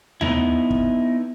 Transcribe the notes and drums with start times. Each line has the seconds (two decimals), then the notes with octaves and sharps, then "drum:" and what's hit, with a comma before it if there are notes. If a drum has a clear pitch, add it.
0.21 B3 D#4 E4, drum: tom D#2
0.70 drum: kick